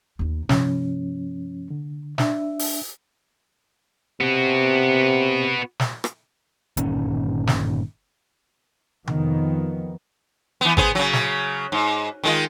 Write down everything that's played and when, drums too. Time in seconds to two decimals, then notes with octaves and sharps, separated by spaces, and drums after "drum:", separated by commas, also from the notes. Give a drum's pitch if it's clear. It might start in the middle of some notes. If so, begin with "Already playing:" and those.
0.19 D#2 D#4
0.49 G2 C3 F3 A#3 C#4, drum: snare
1.70 D3
2.18 D4 E5, drum: snare
2.59 drum: open hi-hat
4.21 C3 B3 F#4
5.80 drum: snare
6.04 drum: rim click
6.77 G1 A#2 D#3 C#4, drum: hi-hat
7.47 drum: snare
9.07 F2 D#3 F3 B3, drum: tom C3
10.61 E3 B3
10.77 B3 G#4 C5, drum: kick
10.95 C#3 F#3
11.13 drum: snare
11.72 G#2
12.24 D#3 G#3 F4